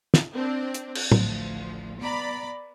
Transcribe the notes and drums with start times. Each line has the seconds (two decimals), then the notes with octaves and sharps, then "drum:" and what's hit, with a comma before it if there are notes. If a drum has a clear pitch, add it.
0.14 drum: snare
0.34 C4 D4
0.74 drum: hi-hat
0.95 drum: cymbal
1.12 A1 D2 F3, drum: tom A2
1.98 B3 D5 A#5 B5